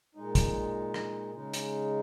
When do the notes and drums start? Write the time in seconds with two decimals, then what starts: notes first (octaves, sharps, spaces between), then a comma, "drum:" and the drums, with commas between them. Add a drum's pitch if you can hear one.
0.15 A#2 G#3 D#4
0.35 drum: kick, hi-hat
0.94 drum: rim click
1.34 C#3 G#3 D#4
1.54 drum: hi-hat